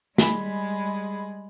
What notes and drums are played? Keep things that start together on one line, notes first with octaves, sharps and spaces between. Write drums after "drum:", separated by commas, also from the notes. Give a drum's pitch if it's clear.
G3 G#3 G#4 B5, drum: snare